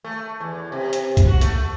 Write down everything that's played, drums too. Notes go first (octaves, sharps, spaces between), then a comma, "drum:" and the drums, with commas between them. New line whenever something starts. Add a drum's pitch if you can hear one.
A3
E2
C3
drum: hi-hat
drum: kick B1, hi-hat
F#4
A3, drum: hi-hat